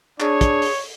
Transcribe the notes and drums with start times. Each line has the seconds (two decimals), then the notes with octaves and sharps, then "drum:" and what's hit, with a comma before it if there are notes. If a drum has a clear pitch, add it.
0.20 D4 G#4 C#5, drum: clap
0.41 drum: kick, hi-hat
0.62 drum: open hi-hat